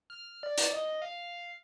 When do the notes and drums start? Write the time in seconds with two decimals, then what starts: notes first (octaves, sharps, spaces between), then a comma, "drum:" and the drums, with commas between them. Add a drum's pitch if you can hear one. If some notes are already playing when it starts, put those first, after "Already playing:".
0.10 F6
0.43 D5
0.58 drum: hi-hat
0.73 D#5
1.02 F5